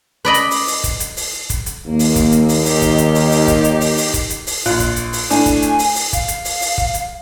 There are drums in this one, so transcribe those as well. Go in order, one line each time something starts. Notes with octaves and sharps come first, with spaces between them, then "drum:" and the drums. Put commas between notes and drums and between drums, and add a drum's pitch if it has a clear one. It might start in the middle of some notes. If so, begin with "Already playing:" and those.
B4 D5 D#5 B5
drum: hi-hat
drum: open hi-hat
drum: open hi-hat
drum: kick, hi-hat
drum: hi-hat
drum: open hi-hat
drum: kick, hi-hat
drum: hi-hat
D#2 A#3
drum: open hi-hat
drum: kick, hi-hat
drum: hi-hat
drum: open hi-hat
D#3 G4, drum: open hi-hat
drum: kick, hi-hat
drum: hi-hat
drum: open hi-hat
drum: open hi-hat
drum: kick, hi-hat
drum: hi-hat
drum: open hi-hat
drum: open hi-hat
drum: kick, hi-hat
drum: hi-hat
drum: open hi-hat
A#1 F4 F#6, drum: open hi-hat
drum: kick, hi-hat
drum: hi-hat
drum: open hi-hat
A2 D4 G#5, drum: open hi-hat
drum: kick, hi-hat
drum: hi-hat
drum: open hi-hat
drum: open hi-hat
F5, drum: kick, hi-hat
drum: hi-hat
drum: open hi-hat
drum: open hi-hat
drum: kick
drum: hi-hat